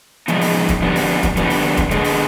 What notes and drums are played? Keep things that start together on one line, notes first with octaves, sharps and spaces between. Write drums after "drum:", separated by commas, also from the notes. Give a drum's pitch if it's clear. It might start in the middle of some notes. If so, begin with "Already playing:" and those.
C3 F3 G#3 B3 D#4, drum: hi-hat
drum: open hi-hat
drum: kick, hi-hat
F2 D3 G3 B3
drum: open hi-hat
drum: kick, hi-hat
F2 D3 G3 B3, drum: hi-hat
drum: open hi-hat
drum: kick, hi-hat
D3 G#3 B3, drum: hi-hat
drum: open hi-hat